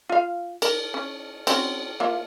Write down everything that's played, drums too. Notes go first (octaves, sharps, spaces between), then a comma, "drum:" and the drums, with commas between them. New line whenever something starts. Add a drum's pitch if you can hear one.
F4 F5
A#4, drum: cymbal
C#4
C4 C#4 F#4, drum: cymbal
A#3 F4 E5